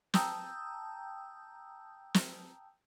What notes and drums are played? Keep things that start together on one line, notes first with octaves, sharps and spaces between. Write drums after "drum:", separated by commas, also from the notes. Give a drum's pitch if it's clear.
G5 A5 A#5 D#6 E6 G6, drum: snare
drum: snare